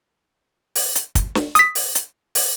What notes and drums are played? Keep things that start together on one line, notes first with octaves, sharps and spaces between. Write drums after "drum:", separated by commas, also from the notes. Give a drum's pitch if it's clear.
drum: open hi-hat
drum: hi-hat
drum: kick, hi-hat
drum: snare
D#6 B6, drum: hi-hat
drum: open hi-hat
drum: hi-hat
drum: open hi-hat